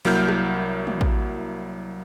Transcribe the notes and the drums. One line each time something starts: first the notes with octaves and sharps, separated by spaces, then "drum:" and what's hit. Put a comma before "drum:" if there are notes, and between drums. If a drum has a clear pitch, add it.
C2 F#3 A#3 E4 F6 G6, drum: open hi-hat
drum: rim click
drum: tom
drum: kick